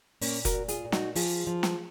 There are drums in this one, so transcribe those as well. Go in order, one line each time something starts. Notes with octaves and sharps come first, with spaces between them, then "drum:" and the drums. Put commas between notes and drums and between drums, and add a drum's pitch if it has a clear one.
A#2 A#3 C#4, drum: open hi-hat
F#4 A#4, drum: kick F1, hi-hat
A#2
F4 G#4, drum: hi-hat
A#2
D#4 F#4, drum: snare
F3 F4 G#4, drum: open hi-hat
F3
drum: snare